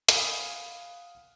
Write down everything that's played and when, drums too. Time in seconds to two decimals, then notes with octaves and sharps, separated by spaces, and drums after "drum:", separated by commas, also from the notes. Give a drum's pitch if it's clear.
0.09 F5 F#5 G#5 B5 D#6, drum: hi-hat